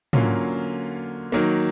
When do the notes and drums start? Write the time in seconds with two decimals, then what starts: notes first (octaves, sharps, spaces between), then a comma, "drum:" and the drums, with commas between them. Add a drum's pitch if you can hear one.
0.13 D3 F#3 A#3 C#4 F4, drum: tom
1.32 D#3 F#3 A#3